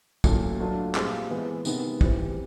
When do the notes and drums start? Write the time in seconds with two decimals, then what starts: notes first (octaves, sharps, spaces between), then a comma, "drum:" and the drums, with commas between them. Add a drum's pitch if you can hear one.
0.24 A#2 F#3 A3 C#4 E4, drum: kick, tambourine
0.60 F#3 A3 D4 F4
0.95 A#2 G3 C4 F4 G#4, drum: clap
1.30 E3 G#3 B3 E4
1.65 C3 D#3 G#3 B3, drum: tambourine
2.01 E3 G3 C4, drum: kick